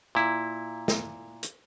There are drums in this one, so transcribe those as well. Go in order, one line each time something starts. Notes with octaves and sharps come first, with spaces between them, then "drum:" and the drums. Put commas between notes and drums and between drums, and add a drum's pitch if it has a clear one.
A#2 E4
drum: snare
drum: hi-hat